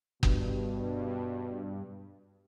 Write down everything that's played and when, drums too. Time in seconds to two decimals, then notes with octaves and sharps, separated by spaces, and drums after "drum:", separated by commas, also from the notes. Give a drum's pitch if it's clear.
0.23 G2 B2, drum: kick F#1